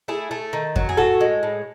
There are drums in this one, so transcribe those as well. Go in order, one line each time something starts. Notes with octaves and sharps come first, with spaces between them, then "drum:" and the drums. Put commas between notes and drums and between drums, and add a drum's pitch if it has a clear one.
A3 E4 G#4
A3
D#3
F#3, drum: kick F2
G#4
A2 F#4 A4
G#3
A2